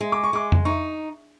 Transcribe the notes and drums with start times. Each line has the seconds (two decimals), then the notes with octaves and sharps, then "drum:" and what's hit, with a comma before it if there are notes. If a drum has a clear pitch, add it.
0.01 G#3
0.12 D6
0.24 C#6
0.33 G#3 D6
0.52 drum: tom F2
0.65 D#4 C#6